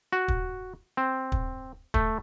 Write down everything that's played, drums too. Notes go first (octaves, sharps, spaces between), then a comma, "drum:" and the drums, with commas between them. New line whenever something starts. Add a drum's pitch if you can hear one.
F#4
drum: kick
C4
drum: kick
A3, drum: kick